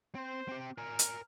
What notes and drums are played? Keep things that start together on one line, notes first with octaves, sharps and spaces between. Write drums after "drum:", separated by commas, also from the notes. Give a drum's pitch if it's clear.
C4 C5
C4 G4
A#4 G#5 F6
drum: hi-hat